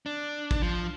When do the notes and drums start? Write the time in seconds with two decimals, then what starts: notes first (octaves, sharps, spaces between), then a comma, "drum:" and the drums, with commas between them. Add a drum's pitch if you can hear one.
0.06 D4
0.51 drum: kick
0.62 F3